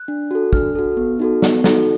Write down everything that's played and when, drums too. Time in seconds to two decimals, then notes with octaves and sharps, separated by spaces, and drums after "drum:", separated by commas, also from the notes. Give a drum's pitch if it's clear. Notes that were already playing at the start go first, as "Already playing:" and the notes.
Already playing: F#6
0.08 D4
0.31 F#4 A4
0.53 D4 F6, drum: kick
0.75 F#4 A4
0.97 B3
1.19 D#4 F#4 A4
1.42 B3, drum: snare
1.64 D#4 F#4 A4, drum: snare